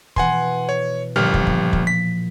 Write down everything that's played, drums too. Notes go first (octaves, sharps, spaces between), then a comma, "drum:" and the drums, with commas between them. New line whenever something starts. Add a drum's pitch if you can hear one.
B2 E3 F#5 G#5 C6, drum: kick
C#5
G1 A#2 F3 G3 F6
drum: kick
drum: kick
drum: kick
B6